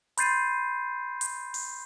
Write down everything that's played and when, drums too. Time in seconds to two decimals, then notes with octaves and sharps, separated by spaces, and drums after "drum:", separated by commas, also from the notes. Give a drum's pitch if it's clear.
0.17 B5 C6 G6 A6 C7 D#7, drum: hi-hat
1.21 drum: hi-hat
1.54 drum: open hi-hat